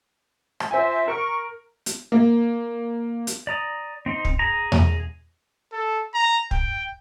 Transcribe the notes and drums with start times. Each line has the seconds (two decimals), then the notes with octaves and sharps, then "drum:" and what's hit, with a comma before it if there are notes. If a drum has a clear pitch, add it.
0.60 drum: rim click
0.71 C4 F4 C5 E5 G#5
1.08 A#4 C#6
1.86 drum: hi-hat
2.12 A#3
3.27 drum: hi-hat
3.47 D5 A#5 D#6
4.06 C4 D#4 C6
4.25 drum: kick
4.39 G#4 A#5
4.72 drum: tom E2
5.72 A4
6.14 A#5
6.51 G5, drum: kick